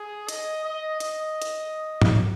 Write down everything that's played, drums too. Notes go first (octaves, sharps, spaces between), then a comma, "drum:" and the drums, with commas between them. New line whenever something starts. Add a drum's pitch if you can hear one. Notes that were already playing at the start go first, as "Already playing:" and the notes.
Already playing: G#4
D#5, drum: hi-hat
D#5
D#5, drum: hi-hat
drum: hi-hat
drum: tom G#2